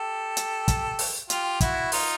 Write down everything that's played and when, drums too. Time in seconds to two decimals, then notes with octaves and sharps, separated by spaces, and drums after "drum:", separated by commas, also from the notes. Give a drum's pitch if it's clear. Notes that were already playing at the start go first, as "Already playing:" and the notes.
Already playing: G4 A4
0.37 drum: hi-hat
0.68 drum: kick, hi-hat
0.99 drum: open hi-hat
1.30 F4 G4, drum: hi-hat
1.60 E4 F#4, drum: kick, hi-hat
1.92 D#4 F4, drum: open hi-hat